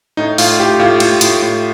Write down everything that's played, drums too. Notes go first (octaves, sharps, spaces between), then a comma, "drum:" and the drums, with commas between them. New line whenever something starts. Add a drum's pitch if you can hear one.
A2 D#4
A2 F4, drum: open hi-hat
A2 G4
A2 F4
A2, drum: cymbal
A2, drum: hi-hat
A2